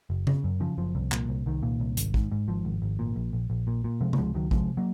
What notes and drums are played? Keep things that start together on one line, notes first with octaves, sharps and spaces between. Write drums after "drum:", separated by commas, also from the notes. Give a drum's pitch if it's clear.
F#1
C#3, drum: tom C#3
F#2
C#3 F3
F#1 F3
C2
A#2, drum: clap
C2
C2 D#3
A#2
C2
G#1, drum: hi-hat
G#2, drum: kick
G#2
G#1 F3
G#1
G#1
A#2
A#1
A#1
A#1
A#2
A#2
C3 F3 G#3
A#3, drum: tom C#3
C#2 F3 G#3
C#2 D#3 F#3
C3 F3 G#3, drum: kick
F#3 A#3